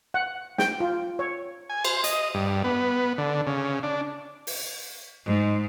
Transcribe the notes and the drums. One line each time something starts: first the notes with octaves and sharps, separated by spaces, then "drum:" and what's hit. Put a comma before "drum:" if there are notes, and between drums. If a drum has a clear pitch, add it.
F#5
G5, drum: snare
F4
C#5
G#5
C5, drum: cymbal
D#5, drum: hi-hat
G2
B3
D3
C#3
D4
drum: open hi-hat
G#2